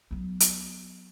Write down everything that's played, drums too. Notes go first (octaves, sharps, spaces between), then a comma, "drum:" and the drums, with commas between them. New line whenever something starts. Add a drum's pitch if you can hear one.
F#3 B3
drum: hi-hat